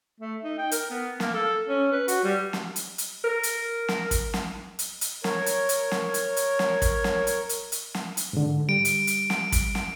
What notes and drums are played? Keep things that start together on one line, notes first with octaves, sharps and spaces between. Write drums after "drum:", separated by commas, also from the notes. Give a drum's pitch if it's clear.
A3
D#4
G5
A#4, drum: hi-hat
B3
A#3, drum: snare
A4
C#4
B4
F#4, drum: hi-hat
G3
drum: snare
drum: hi-hat
drum: hi-hat
A#4
drum: hi-hat
drum: snare
drum: kick, hi-hat
drum: snare
drum: hi-hat
drum: hi-hat
A#4 C#5, drum: snare
drum: hi-hat
drum: hi-hat
drum: snare
drum: hi-hat
drum: hi-hat
drum: snare
drum: kick, hi-hat
drum: snare
drum: hi-hat
drum: hi-hat
drum: hi-hat
drum: snare
drum: hi-hat
G#2 D3
G3 D7
drum: hi-hat
drum: hi-hat
drum: snare
drum: kick, hi-hat
drum: snare